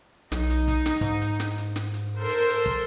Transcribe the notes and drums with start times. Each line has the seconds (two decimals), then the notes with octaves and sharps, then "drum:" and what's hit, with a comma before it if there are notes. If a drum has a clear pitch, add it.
0.32 B1 D#4, drum: snare
0.50 drum: hi-hat
0.68 drum: kick, hi-hat
0.86 drum: snare
1.01 G#2, drum: kick, hi-hat
1.22 drum: hi-hat
1.40 drum: snare
1.58 drum: hi-hat
1.76 drum: snare
1.94 drum: hi-hat
2.18 A4 A#4 C5
2.30 drum: hi-hat
2.48 drum: open hi-hat
2.66 drum: kick, hi-hat